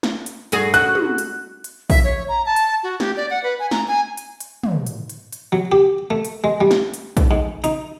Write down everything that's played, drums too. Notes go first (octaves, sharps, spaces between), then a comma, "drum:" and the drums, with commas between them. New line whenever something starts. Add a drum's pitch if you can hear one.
drum: snare
drum: hi-hat
G2 F#4 G#4, drum: hi-hat
F#4 F#6, drum: hi-hat
drum: tom
drum: hi-hat
drum: hi-hat
E5, drum: kick A#1, open hi-hat
C#5
A#5
A5
drum: hi-hat
F#4
G4, drum: snare
D5
F#5
B4
G#5
A#5, drum: snare
G#5
drum: hi-hat
drum: hi-hat
drum: tom
drum: hi-hat
drum: hi-hat
drum: hi-hat
F#3
G4
A3
drum: hi-hat
G#3
G3
drum: snare
drum: hi-hat
drum: kick A#1, hi-hat
G#2
D#4, drum: hi-hat